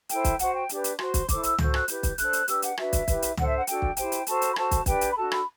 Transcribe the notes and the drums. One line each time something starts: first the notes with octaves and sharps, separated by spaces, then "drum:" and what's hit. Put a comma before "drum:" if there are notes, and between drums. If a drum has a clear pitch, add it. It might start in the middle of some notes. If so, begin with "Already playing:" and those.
E4 A4 C5 G5, drum: hi-hat
drum: kick, hi-hat
F#4 C5 F#5, drum: hi-hat
G5
D4 G4 B4, drum: hi-hat
drum: hi-hat
F#4 C5 C6, drum: rim click
drum: kick, hi-hat
E4 A4 C5 D6, drum: kick, hi-hat
E6, drum: hi-hat
F#4 A4 C5 G6, drum: tom
F#6, drum: rim click
E4 G4 B4 G6, drum: hi-hat
drum: kick, hi-hat
D4 A4 C5 F#6, drum: hi-hat
drum: hi-hat
D4 G4 B4 E6, drum: hi-hat
F#5, drum: hi-hat
D4 F#4 B4 E5, drum: rim click
drum: kick, hi-hat
E4 G4 B4, drum: kick, hi-hat
drum: hi-hat
D4 A4 C5 F#5, drum: tom
E5
F#5
D4 F#4 A4 G5, drum: hi-hat
drum: kick
E4 G4 C5 G5, drum: hi-hat
drum: hi-hat
F#4 A4 C5 A5, drum: hi-hat
drum: hi-hat
B5
F#4 A4 C5 A5, drum: rim click
drum: kick, hi-hat
D4 G4 B4 G5, drum: kick, hi-hat
drum: hi-hat
B5
D4 F#4 A4 A5
B5, drum: rim click